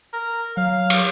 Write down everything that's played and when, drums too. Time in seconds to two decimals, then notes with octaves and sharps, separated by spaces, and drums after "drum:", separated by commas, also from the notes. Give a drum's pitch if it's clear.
0.13 A#4
0.57 F#3 F5
0.90 drum: cymbal